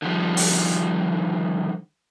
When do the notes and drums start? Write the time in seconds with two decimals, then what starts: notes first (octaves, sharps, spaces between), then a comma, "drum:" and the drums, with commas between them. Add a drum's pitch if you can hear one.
0.02 D3 D#3 F3 G3
0.37 drum: open hi-hat